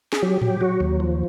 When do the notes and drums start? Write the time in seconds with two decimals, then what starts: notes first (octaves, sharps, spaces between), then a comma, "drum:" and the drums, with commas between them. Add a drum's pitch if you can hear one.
0.13 G#4, drum: snare
0.22 F#3 G4
0.42 F#3, drum: tom A2
0.60 F#3 F#4
0.80 D#2
1.00 F3